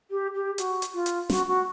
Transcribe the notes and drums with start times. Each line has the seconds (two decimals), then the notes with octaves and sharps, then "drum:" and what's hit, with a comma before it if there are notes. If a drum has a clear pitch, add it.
0.10 G4
0.34 G4
0.58 F#4, drum: hi-hat
0.82 drum: hi-hat
0.94 F4
1.06 drum: hi-hat
1.30 F#4, drum: snare
1.48 F#4